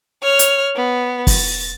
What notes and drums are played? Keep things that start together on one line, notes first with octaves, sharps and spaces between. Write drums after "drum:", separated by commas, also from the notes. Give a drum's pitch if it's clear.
C#5 F6
drum: hi-hat
B3
A6, drum: kick, open hi-hat